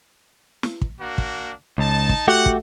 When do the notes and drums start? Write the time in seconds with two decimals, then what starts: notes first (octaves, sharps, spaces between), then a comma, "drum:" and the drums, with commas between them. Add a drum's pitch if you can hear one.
0.63 drum: snare
0.81 drum: kick
1.00 A#3 D4 F#4
1.18 drum: kick
1.78 C#2 D#4 A5
2.09 drum: kick
2.28 A3 F#4 G4 F#5
2.46 drum: kick